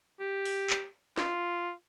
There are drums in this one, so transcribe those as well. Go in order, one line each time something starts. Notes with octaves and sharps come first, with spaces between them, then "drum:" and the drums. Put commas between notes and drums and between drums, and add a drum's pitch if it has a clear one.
G4
drum: open hi-hat
drum: clap
F4, drum: snare